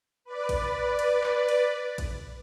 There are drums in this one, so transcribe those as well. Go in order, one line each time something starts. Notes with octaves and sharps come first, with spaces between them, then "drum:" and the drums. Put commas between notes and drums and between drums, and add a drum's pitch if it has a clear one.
B4 D5
drum: kick A1, cymbal
drum: cymbal
drum: clap
drum: cymbal
drum: kick A1, cymbal